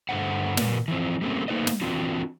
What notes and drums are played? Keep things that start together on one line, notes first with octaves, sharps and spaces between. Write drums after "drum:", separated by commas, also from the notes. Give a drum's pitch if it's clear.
G2 D3 A3 D4 C5 F#5
A#2 A#4 B4 D5, drum: snare
E3 F3 C4
G3 A3 A#3 C4 C#4
A3 A#3 D#4 B4 C5 D#5
drum: snare
E3 C4 D4 F4 F#4